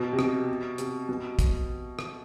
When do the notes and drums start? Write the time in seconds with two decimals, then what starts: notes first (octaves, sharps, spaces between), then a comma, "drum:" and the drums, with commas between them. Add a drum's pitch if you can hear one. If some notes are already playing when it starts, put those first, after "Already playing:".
Already playing: B2
0.13 C3
0.19 B2, drum: rim click
0.78 C3, drum: hi-hat
1.09 B2
1.39 drum: kick, hi-hat
1.99 drum: rim click